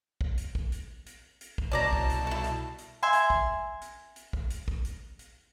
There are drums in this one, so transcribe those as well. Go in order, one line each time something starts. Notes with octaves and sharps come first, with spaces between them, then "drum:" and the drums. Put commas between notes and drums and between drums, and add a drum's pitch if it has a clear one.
drum: kick
drum: hi-hat
drum: kick
drum: hi-hat
drum: hi-hat
drum: hi-hat
drum: kick
C2 B2 C#4 D5 A5 A#5
drum: kick
drum: hi-hat
E4 A4
drum: hi-hat
drum: hi-hat
E5 G#5 C6
drum: hi-hat
drum: kick
drum: hi-hat
drum: hi-hat
drum: kick
drum: hi-hat
drum: kick
drum: hi-hat
drum: hi-hat